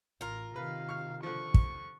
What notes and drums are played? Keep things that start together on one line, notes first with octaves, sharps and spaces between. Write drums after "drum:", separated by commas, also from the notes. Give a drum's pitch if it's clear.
A1 F4 A#4
C3 D#3 B4 F5
C#6 F6
D3 F3 C#6
drum: kick